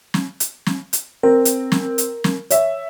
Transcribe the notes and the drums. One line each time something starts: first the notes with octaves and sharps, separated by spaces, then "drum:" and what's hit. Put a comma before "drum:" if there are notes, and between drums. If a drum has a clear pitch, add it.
drum: snare
drum: hi-hat
drum: snare
drum: hi-hat
C4 A#4
drum: hi-hat
drum: snare
drum: hi-hat
drum: snare
C#5 E5, drum: hi-hat